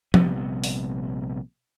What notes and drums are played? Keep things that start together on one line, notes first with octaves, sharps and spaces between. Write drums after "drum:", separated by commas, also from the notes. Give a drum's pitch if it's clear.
A#1 C3 G3 B3, drum: tom F3
drum: open hi-hat